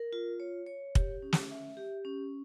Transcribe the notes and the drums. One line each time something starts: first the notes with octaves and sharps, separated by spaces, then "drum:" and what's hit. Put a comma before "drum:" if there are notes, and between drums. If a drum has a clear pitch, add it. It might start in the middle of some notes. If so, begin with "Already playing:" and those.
Already playing: A#4
F4
C#5
C#5
G4, drum: kick
C#4
drum: snare
E5
G4
C#4